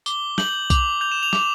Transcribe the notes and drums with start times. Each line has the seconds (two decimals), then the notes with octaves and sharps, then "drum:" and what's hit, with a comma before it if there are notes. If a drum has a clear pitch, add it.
0.06 D6 G7, drum: tambourine
0.38 G6 F#7, drum: snare
0.70 D6 F7, drum: kick B1, tambourine
1.01 G6 F7
1.12 E7
1.23 F7
1.33 D6, drum: snare